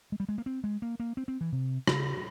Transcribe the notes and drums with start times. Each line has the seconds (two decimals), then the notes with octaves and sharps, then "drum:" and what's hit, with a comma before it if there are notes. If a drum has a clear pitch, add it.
0.12 G#3
0.20 G3
0.29 G#3
0.38 A#3
0.46 C4
0.64 G#3
0.82 A#3
1.00 A#3
1.17 C4
1.28 C4
1.41 E3
1.52 C3
1.87 C#3, drum: rim click